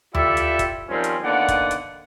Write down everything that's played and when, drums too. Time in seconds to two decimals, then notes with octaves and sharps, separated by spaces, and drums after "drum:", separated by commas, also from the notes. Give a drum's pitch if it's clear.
0.15 E4 F4 G4 A4 D5 E5, drum: tom D#2
0.37 drum: hi-hat
0.59 drum: kick, hi-hat
0.89 D#3 F3 G3 C4 C#4 F4
1.04 drum: hi-hat
1.22 D3 D#3 A#3 B3 D5 F#5
1.48 drum: kick, hi-hat
1.71 drum: hi-hat